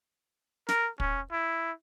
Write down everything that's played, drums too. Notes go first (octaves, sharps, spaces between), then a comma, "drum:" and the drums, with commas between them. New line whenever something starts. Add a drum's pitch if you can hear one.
A#4, drum: snare
C#4, drum: kick
E4